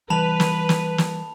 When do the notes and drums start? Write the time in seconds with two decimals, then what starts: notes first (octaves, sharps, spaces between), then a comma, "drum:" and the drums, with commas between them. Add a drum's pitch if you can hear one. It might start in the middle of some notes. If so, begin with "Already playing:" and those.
0.10 E3 G3 B4 A5 B5 F7
0.40 drum: snare
0.69 drum: snare
0.98 drum: snare